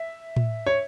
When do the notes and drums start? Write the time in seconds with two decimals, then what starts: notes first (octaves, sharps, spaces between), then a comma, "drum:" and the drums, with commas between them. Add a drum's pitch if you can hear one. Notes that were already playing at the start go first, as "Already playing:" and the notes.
Already playing: E5
0.36 drum: tom A2
0.66 C#5